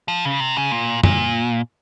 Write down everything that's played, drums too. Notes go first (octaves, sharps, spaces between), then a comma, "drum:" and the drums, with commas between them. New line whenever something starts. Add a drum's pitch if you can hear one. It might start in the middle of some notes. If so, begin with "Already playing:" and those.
F3
C#3
C3
C#3
A#2
A#2, drum: tom F#2